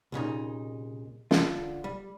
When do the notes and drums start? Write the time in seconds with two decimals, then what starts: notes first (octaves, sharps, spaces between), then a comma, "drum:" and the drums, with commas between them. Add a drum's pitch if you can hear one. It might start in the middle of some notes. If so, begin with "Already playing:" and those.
0.12 C2 A#2 C#3 D#4
1.31 D3 D4 F4, drum: snare
1.84 G3